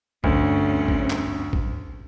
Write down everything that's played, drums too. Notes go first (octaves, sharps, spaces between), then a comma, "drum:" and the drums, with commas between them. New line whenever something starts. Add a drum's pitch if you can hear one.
D2 G2 C4 C#4, drum: kick A1
drum: kick A1
drum: clap
drum: kick A1